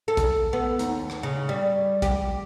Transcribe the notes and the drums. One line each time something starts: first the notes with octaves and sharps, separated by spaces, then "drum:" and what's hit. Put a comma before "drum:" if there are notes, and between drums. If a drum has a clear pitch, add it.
A4
drum: kick A#1, hi-hat
B3
D#2, drum: hi-hat
drum: rim click
C#3
G3
G4, drum: kick A#1, hi-hat